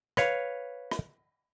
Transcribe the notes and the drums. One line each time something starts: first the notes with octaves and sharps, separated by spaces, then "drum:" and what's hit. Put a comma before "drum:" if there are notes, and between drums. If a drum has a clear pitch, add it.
B4 C#5 F5, drum: rim click
drum: rim click